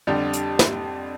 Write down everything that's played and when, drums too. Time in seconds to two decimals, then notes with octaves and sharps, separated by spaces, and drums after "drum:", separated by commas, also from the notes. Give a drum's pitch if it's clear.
0.07 F2 D3 G3 D4 G4
0.33 drum: hi-hat
0.59 drum: snare